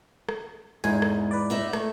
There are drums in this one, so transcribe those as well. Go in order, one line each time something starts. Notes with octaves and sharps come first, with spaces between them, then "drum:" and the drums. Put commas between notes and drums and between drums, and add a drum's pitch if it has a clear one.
drum: rim click
E2 G#2 G#3 G#5
drum: rim click
B4 D5
B3 D#4 E5
A3, drum: rim click